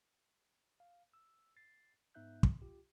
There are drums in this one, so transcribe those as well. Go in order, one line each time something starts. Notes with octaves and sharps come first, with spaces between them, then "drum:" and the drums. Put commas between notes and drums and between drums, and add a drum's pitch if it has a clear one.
F5
E6
A6 C7
G#2 B3 D#4 E5 F#6 G6
drum: kick
F4 G4